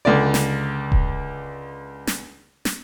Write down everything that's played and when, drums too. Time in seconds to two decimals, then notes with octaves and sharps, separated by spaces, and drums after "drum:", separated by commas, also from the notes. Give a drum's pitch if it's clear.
0.05 C#2 D3 D5
0.34 drum: snare
0.92 drum: kick D#1
2.07 drum: snare
2.65 drum: snare